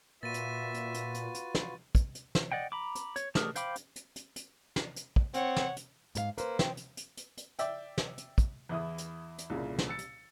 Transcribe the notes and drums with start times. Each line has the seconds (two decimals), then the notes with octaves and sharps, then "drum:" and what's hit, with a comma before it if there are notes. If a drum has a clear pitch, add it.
0.23 A#2 F4 F#4 B4 E5 A6 D#7
0.34 drum: hi-hat
0.74 drum: hi-hat
0.94 drum: hi-hat
1.14 drum: hi-hat
1.34 drum: hi-hat
1.55 drum: snare
1.95 drum: kick, hi-hat
2.15 drum: hi-hat
2.35 drum: snare
2.52 D5 D#5 F#5 G5
2.72 A#5 B5 D6
2.95 drum: hi-hat
3.16 C#5, drum: hi-hat
3.35 A3 G4 G#4 A#4 D#6, drum: snare
3.56 C5 F5 G5 B5 D6, drum: hi-hat
3.76 drum: hi-hat
3.96 drum: hi-hat
4.16 drum: hi-hat
4.36 drum: hi-hat
4.76 drum: snare
4.96 drum: hi-hat
5.16 drum: kick
5.34 C4 C#5 F#5, drum: hi-hat
5.56 drum: snare
5.77 drum: hi-hat
6.15 G#2 A#4 F5, drum: hi-hat
6.38 A#3 B4 C5, drum: hi-hat
6.59 C4, drum: snare
6.77 drum: hi-hat
6.97 drum: hi-hat
7.17 drum: hi-hat
7.37 drum: hi-hat
7.59 D5 E5 G5, drum: hi-hat
7.98 drum: snare
8.18 drum: hi-hat
8.38 drum: kick, hi-hat
8.69 E2 E4 D#6
8.98 drum: hi-hat
9.38 drum: hi-hat
9.50 C2 A#2 C#3
9.78 drum: snare
9.88 E6 A6 C#7
9.99 drum: hi-hat